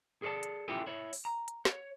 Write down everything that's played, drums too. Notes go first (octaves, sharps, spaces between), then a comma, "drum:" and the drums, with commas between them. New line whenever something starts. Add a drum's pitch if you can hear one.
G#4 A4 B4 D5 A5
drum: hi-hat
C#4 E4 F4 G4 A4 G#5
E4 C#5
drum: open hi-hat
A#5
drum: hi-hat
C#5, drum: snare